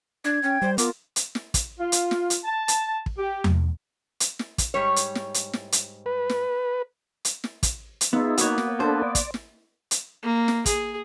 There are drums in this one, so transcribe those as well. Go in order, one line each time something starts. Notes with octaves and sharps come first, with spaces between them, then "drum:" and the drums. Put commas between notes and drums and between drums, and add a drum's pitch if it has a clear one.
D4 G#6
C#4 G5
G3 C5
B3 F4 A#4 D6, drum: hi-hat
drum: hi-hat
drum: snare
drum: kick, hi-hat
F4
drum: hi-hat
drum: snare
drum: hi-hat
A5
drum: hi-hat
drum: kick
G4
drum: tom E2
drum: hi-hat
drum: snare
drum: kick, hi-hat
G#2 G3 C#5
drum: hi-hat
drum: snare
drum: hi-hat
drum: snare
drum: hi-hat
B4
drum: snare
drum: hi-hat
drum: snare
drum: kick, hi-hat
drum: hi-hat
B3 D#4 F4 G#4 E5
A#3 B3 F#4 C#5, drum: hi-hat
drum: snare
D4 A4 C5
D5
drum: kick, hi-hat
drum: snare
drum: hi-hat
A#3
drum: snare
G#4, drum: kick, hi-hat